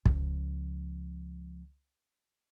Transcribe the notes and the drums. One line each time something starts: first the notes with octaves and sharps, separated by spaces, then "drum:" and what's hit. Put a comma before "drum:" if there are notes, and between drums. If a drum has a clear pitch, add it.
C#2 F3, drum: kick